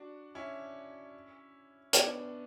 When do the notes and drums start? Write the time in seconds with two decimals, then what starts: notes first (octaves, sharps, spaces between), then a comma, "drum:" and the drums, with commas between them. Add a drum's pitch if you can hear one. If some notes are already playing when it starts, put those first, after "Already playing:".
Already playing: D4 F#4
0.35 C#4 E4
1.93 B3 D4, drum: hi-hat